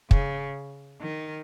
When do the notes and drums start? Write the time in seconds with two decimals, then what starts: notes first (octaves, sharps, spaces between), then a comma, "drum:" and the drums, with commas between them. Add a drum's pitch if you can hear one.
0.11 C#3, drum: kick
1.01 D#3